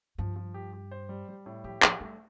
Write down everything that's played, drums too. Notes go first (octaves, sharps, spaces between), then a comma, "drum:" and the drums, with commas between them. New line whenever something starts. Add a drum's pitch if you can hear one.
G2 F3
F3
G4
G4
C5
G3
G3
A2
F3 G4
F3 G4, drum: clap
G3 A3